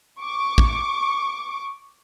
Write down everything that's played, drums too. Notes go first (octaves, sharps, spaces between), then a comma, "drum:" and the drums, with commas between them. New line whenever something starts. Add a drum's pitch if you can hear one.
C#6 D6
drum: kick